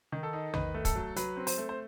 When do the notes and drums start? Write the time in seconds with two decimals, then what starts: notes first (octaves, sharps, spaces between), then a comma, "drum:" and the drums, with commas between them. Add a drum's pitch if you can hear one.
0.12 D#3
0.23 A4
0.33 D#4
0.54 D#3 B4, drum: tom
0.74 A3
0.85 A4, drum: kick, hi-hat
0.95 F#3
1.16 F#3 B4, drum: hi-hat
1.37 C4
1.47 C5, drum: open hi-hat
1.58 A3
1.69 C5